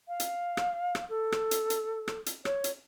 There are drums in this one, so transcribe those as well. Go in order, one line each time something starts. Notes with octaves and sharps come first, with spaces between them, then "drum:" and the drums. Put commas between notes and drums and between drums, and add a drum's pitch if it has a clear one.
F5
drum: hi-hat
drum: rim click
drum: rim click
A4
drum: rim click
drum: hi-hat
drum: hi-hat
drum: rim click
drum: hi-hat
C#5, drum: rim click
drum: hi-hat